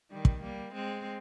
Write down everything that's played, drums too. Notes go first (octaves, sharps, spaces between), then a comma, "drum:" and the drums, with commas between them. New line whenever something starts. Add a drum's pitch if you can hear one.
D#3 G3
drum: kick
G3 A#3
G#3 C4